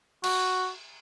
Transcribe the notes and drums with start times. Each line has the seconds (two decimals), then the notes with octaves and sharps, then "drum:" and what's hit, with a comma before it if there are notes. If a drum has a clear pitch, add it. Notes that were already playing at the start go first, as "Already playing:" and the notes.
0.24 F#4, drum: cymbal